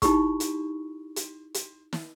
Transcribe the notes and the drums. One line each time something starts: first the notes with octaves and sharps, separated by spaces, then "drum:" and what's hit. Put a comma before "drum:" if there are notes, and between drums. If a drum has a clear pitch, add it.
D#4 E4 G4 B5 C#6, drum: kick, hi-hat
drum: hi-hat
drum: hi-hat
drum: hi-hat
drum: snare